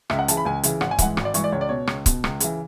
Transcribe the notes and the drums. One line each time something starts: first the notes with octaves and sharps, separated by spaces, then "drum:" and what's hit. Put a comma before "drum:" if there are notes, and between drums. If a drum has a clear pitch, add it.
C#2 E5, drum: rim click
F#5
C#3 E3 A5, drum: hi-hat
B5
C#2 G#5
C#3 E3, drum: hi-hat
G#1 F#5, drum: rim click
G#5
G#2 E3 F#5, drum: kick C#1, hi-hat
G#1, drum: rim click
D5
G#2 E3 C#6, drum: hi-hat
D5
C#2 C#5
D5
B2 C#5
C#2, drum: rim click
B2, drum: kick C#1, hi-hat
C#2, drum: rim click
C#3 E3, drum: hi-hat